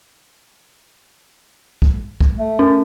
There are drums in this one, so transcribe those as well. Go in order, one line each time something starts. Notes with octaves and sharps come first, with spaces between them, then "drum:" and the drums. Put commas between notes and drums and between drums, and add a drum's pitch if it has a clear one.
drum: kick
drum: kick
A3
C#4